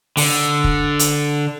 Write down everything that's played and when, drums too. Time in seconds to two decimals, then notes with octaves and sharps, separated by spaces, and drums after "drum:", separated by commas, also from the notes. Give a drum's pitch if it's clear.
0.17 D3, drum: open hi-hat
0.64 drum: kick
0.99 drum: hi-hat